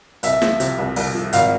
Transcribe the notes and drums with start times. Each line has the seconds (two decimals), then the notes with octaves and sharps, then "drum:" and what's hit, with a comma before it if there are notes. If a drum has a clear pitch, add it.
0.23 C2 E5, drum: hi-hat
0.42 F3, drum: snare
0.60 C3, drum: hi-hat
0.78 C2
0.96 C2, drum: open hi-hat
1.15 F3
1.33 G#1 F5, drum: hi-hat